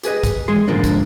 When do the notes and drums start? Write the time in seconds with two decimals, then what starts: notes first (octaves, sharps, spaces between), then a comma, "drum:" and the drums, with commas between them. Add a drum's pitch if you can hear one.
0.03 G4 G#4 B4 D#5, drum: hi-hat
0.23 drum: kick, hi-hat
0.48 E3 G#3 G#4 C6
0.68 F2 G#2 D3 F3 A#3 D4
0.84 drum: kick, hi-hat